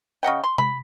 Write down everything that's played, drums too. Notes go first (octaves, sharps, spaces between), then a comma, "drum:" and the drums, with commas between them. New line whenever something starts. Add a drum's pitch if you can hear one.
C#3 D#5 F#5 G5
C6
B5, drum: tom C3